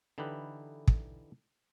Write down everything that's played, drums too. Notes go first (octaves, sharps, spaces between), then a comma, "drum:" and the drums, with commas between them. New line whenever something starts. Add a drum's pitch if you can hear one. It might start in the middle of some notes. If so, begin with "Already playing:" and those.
D3 E3 D#4 E4 G4 B4
drum: kick